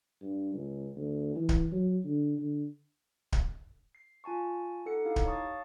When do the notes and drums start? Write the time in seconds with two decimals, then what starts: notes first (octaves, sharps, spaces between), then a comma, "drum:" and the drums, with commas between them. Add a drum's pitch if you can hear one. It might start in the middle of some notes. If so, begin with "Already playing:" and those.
0.22 G2
0.54 C#2
0.96 D2
1.35 E3
1.49 drum: kick D1
1.72 F#3
2.04 D3
2.38 D3
3.32 drum: kick D1
3.95 C7
4.24 F4 G#5 A5 C#6
4.86 D#4 G4 A4 F#5 C#7
5.05 D#4 E4 G4 F5
5.16 drum: kick D1
5.25 C#5 F5 A5 C#6 D#6 A6